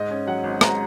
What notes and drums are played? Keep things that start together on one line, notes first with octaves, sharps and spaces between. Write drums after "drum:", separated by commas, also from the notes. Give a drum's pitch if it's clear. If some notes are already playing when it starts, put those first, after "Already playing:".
Already playing: G#2 D#5
C#4
F#3 F#5
G#1
G#2 A#5, drum: rim click